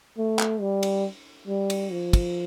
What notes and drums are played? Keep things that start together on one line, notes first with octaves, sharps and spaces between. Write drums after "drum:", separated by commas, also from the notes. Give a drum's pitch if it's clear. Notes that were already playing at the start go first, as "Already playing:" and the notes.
A3
drum: clap
G3
drum: cymbal
G3
drum: cymbal
F3
drum: kick, cymbal